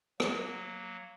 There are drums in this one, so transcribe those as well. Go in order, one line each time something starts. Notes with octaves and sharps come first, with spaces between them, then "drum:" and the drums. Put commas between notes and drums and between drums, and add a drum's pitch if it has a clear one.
F#3 A#3, drum: rim click